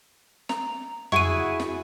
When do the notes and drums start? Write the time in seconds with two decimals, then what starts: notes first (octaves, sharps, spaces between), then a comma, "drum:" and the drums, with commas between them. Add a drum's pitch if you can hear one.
0.49 A#5, drum: snare
1.12 E4 F#4 G#4 C#6 D#7, drum: tom F2
1.60 drum: snare